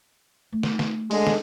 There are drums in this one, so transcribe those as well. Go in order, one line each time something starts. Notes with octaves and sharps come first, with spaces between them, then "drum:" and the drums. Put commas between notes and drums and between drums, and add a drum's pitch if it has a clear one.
A3
drum: snare
drum: snare
D3 G#3, drum: open hi-hat
drum: snare